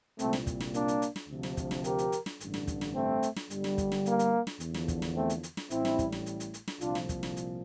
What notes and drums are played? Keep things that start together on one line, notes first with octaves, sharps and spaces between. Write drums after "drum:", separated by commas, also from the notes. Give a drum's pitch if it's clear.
C2 A#2 G3 A3 C4, drum: hi-hat
drum: snare
drum: kick, hi-hat
drum: snare
A#3 D4, drum: hi-hat
drum: hi-hat
drum: hi-hat
drum: snare
D2 C3 F3
drum: snare
drum: kick, hi-hat
drum: snare
G4 A#4, drum: hi-hat
drum: hi-hat
drum: hi-hat
drum: snare
A1 G2 D3, drum: hi-hat
drum: snare
drum: kick, hi-hat
drum: snare
A3 C4
drum: hi-hat
drum: snare
G1 G2 D3 G3, drum: hi-hat
drum: snare
drum: kick, hi-hat
drum: snare
A#3, drum: hi-hat
drum: hi-hat
drum: snare
E2 D3 F3, drum: hi-hat
drum: snare
drum: kick, hi-hat
drum: snare
A3 C4
drum: hi-hat
drum: hi-hat
drum: snare
A1 A2 G3 C4 E4, drum: hi-hat
drum: snare
drum: kick, hi-hat
drum: snare
drum: hi-hat
drum: hi-hat
drum: hi-hat
drum: snare
C2 A#2 F3 D4 F4, drum: hi-hat
drum: snare
drum: kick, hi-hat
drum: snare
drum: hi-hat